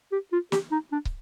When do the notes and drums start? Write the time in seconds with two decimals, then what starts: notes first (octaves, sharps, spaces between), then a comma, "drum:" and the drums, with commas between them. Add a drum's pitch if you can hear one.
0.12 G4
0.32 F4
0.52 G4, drum: snare
0.72 D#4
0.92 D4
1.05 drum: kick